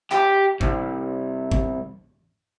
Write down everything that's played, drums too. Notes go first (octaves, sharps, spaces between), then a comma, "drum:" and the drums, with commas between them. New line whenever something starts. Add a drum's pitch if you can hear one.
G4, drum: clap
C2, drum: kick
drum: kick